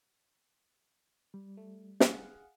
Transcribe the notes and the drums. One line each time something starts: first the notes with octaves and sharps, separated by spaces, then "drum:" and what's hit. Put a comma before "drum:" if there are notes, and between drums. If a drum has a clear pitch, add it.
G3
A3
G#4 F5 F#5, drum: snare